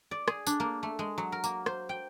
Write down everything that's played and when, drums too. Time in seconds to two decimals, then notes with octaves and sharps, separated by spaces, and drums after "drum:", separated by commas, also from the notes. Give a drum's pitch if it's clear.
0.11 D5
0.28 G#4, drum: rim click
0.47 D4, drum: tambourine
0.60 A#3
0.83 A3
0.99 G#3
1.18 F#3
1.32 A#4
1.44 A#3, drum: tambourine
1.66 C5, drum: rim click
1.89 G5